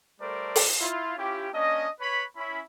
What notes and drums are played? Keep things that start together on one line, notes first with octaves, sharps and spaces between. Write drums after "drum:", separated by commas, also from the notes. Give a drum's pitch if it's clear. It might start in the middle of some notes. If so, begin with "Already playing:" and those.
G3 A3 A4 A#4 C5 D5
drum: open hi-hat
E4 F4
C#4 E4 F4 G4
A#3 C#4 D4 D#5
B4 C#5 B5
C#4 E4 B5